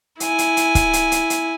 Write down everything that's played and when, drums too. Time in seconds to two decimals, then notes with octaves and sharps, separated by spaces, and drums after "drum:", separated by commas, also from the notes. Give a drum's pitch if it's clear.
0.20 E4 G#5, drum: hi-hat
0.38 drum: hi-hat
0.57 drum: hi-hat
0.75 drum: kick, hi-hat
0.93 drum: hi-hat
1.12 drum: hi-hat
1.30 drum: hi-hat